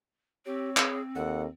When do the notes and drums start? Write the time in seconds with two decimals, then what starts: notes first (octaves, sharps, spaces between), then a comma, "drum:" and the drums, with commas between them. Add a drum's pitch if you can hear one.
0.46 C4 G4 C#5
0.77 G#4, drum: clap
1.15 D#2 A4 F#5